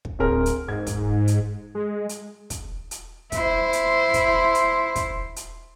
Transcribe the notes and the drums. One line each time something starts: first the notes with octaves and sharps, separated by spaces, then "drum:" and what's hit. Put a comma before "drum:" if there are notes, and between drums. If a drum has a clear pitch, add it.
drum: kick
D1 C4 G#4 A#4
drum: hi-hat
G#2 G#6
drum: kick, hi-hat
drum: hi-hat
G#3
drum: hi-hat
drum: kick, hi-hat
drum: hi-hat
E4 C5, drum: kick, hi-hat
drum: hi-hat
drum: kick, hi-hat
drum: hi-hat
drum: kick, hi-hat
drum: hi-hat